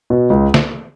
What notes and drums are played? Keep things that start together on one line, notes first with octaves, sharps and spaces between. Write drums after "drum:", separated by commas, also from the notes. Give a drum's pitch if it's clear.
B2
C#2
drum: snare